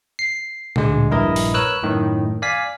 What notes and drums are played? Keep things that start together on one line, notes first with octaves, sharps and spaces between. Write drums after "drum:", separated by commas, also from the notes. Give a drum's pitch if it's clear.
C7
D2 D3 G#3, drum: tom A#2
A#1 G2 E4 A#4 D#5
drum: open hi-hat
A#4 B4 C#5 E6 F#6
F#2 A2 D#3
D5 F5 G#5 B6